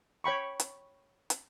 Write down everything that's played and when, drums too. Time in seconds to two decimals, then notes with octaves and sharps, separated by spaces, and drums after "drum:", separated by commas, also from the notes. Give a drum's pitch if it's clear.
0.24 C#5 G5 B5 C#6
0.60 drum: hi-hat
1.30 drum: hi-hat